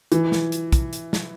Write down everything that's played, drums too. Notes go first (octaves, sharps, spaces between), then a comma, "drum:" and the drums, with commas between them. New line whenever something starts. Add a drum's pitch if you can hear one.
E3, drum: hi-hat
drum: snare
drum: hi-hat
drum: kick, hi-hat
drum: hi-hat
drum: snare